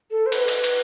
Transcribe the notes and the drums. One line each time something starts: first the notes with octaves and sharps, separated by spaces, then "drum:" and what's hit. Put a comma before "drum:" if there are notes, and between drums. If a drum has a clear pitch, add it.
A4
C5
B4, drum: cymbal
drum: cymbal
drum: cymbal